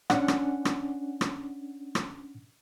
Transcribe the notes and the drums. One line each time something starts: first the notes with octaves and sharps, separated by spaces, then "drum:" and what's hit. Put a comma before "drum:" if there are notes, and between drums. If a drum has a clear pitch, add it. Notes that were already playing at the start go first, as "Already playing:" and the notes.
C#4 D4 F#5, drum: rim click
drum: rim click
drum: rim click
drum: rim click
drum: rim click